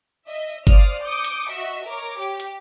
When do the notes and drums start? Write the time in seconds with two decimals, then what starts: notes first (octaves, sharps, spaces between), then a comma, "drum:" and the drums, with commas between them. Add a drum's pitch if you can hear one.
0.27 D#5 E5
0.67 C5 D5 F5 D#6 F6, drum: kick G1, hi-hat
1.03 D6 D#6 G6 C#7 D7
1.24 drum: hi-hat
1.50 F#4 D#5 E5
1.86 A#4 C#5 D6
2.20 G4
2.40 drum: hi-hat